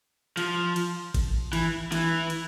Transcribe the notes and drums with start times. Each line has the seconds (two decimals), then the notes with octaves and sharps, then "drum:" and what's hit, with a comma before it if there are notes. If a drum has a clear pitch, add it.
0.37 F3, drum: cymbal
0.76 drum: cymbal
1.14 drum: kick G#1, cymbal
1.53 E3, drum: cymbal
1.92 E3, drum: cymbal
2.30 drum: cymbal